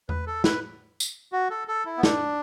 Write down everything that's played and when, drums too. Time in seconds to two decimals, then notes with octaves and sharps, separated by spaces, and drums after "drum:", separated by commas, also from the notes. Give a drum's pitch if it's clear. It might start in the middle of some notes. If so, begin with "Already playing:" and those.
0.09 B4, drum: tom E2
0.27 A4
0.44 B4, drum: snare
1.00 drum: tambourine
1.32 F#4
1.50 A4
1.68 A4
1.86 E4
1.98 B3
2.03 D4, drum: snare